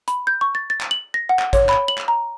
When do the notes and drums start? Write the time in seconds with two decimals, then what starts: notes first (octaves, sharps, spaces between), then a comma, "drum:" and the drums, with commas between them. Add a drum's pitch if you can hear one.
0.08 B5, drum: hi-hat
0.27 G6
0.41 C#6
0.55 A6
0.70 A6
0.81 drum: clap
0.91 F#7
1.14 A#6
1.29 F#5
1.39 drum: clap
1.53 C#5, drum: kick A1, hi-hat
1.69 B5, drum: clap
1.88 F#7
1.98 drum: clap
2.08 A#5